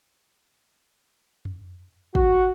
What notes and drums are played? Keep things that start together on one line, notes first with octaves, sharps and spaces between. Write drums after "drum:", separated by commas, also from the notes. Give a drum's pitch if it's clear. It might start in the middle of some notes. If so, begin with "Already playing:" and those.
drum: tom F2
F#4, drum: kick